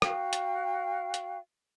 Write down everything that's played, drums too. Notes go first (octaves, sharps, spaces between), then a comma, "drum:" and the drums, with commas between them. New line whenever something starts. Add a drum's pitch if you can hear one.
F#4 F5 G5, drum: rim click
drum: hi-hat
drum: hi-hat